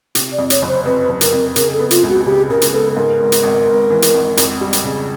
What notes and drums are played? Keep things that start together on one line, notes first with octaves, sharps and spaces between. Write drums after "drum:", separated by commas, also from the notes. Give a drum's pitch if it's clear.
C3, drum: hi-hat
D5
F2
C#5, drum: hi-hat
F#1
C5
F2 B4
F#1
A#4, drum: hi-hat
F2
C#3 A#4, drum: hi-hat
A4
B3
F4, drum: hi-hat
C#2
F#4
C#3 G4
C#3 A#4
drum: hi-hat
B3 A4
G#2 A#4
G#1
drum: hi-hat
G#1
G#1
E3
drum: hi-hat
G#1
F2, drum: hi-hat
G3
drum: hi-hat
C#3